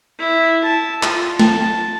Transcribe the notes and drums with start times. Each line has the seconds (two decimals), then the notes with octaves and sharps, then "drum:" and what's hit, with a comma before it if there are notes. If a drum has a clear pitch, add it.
0.19 E4
0.64 A5
1.03 F4, drum: clap
1.39 A5, drum: snare